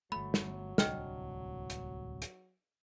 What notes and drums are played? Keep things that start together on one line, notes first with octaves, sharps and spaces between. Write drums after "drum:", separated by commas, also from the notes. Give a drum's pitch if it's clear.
G1 F#3 A3 B5
drum: snare
D1 C2 D4 D#5 G5 F6, drum: snare
drum: hi-hat
drum: hi-hat